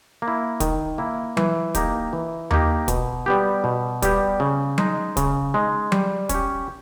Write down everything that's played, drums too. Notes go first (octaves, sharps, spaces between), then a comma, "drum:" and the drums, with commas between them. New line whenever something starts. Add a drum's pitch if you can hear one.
A#3
E4
D#3, drum: kick, hi-hat
A#3 E4
E3, drum: tom F#3
A#3 D#4 G4, drum: kick, hi-hat
E3
A#3 D#4 G4, drum: tom D#2
B2, drum: kick, hi-hat
G3 B3 G4
B2
G3 B3 G4, drum: kick, hi-hat
C#3
G#3 D#4, drum: tom F#3
C#3, drum: kick, hi-hat
G#3 D#4
G3, drum: tom F#3
C#4, drum: kick, hi-hat
G4